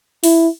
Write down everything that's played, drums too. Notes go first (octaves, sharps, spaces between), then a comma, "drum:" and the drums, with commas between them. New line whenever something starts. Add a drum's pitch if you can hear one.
E4, drum: open hi-hat